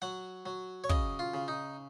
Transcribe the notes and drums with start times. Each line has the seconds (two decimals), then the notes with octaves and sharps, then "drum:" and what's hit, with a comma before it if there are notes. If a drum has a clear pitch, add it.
0.02 F#3 F#5
0.46 F#3
0.84 C#5
0.89 C#3 D#5, drum: kick
1.19 F4
1.34 C#3
1.48 D#4